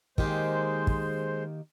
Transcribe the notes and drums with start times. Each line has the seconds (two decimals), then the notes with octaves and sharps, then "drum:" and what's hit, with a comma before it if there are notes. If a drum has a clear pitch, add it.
0.18 D#3 G#3 A#3 G4 C5, drum: kick
0.87 drum: kick